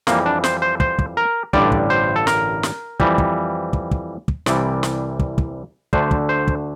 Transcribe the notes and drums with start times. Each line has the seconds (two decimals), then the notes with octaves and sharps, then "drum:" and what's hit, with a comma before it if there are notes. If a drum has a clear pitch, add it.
0.07 F2 E3 G3 A#3, drum: snare
0.26 D4
0.44 C5, drum: snare
0.62 C5
0.80 C5, drum: kick
0.99 drum: kick
1.17 A#4
1.53 A1 G2 D3 G3 D5, drum: kick
1.72 drum: kick
1.90 C5
2.16 A4
2.27 A#4, drum: snare
2.63 drum: snare
3.00 F2 E3 G3, drum: kick
3.18 drum: kick
3.73 drum: kick
3.91 drum: kick
4.28 drum: kick
4.46 C2 C3 E3 G3 D5, drum: snare
4.83 drum: snare
5.19 drum: kick
5.38 drum: kick
5.93 D2 D3 A3 C5, drum: kick
6.11 drum: kick
6.29 C5
6.48 drum: kick